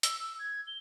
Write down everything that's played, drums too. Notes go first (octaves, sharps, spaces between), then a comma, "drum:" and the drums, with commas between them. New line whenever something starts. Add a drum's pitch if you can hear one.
E6, drum: hi-hat
E6
G#6
G7